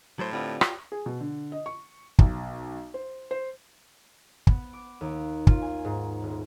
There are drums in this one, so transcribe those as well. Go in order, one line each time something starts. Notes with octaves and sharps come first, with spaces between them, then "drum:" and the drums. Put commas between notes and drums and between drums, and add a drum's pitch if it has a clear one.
A2 F#3 C5
D3 G3 B3 C4 F4
F4 F#4 C#5 G5, drum: rim click
G#4
B2
D3
D#5
C#6
B1, drum: kick
C5
C5
B3, drum: kick
D6
D#2
F4, drum: kick
G#5
G#2
D#1